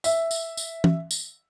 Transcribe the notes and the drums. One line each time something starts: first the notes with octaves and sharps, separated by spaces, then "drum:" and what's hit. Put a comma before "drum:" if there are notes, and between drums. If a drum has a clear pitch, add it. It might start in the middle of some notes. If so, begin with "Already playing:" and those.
E5, drum: tambourine
drum: tambourine
drum: tambourine
drum: tom E3
drum: tambourine